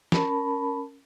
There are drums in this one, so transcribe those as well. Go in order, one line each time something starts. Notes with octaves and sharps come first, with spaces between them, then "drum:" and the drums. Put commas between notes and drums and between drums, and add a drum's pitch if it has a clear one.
C#4 A#4 A5 B5, drum: snare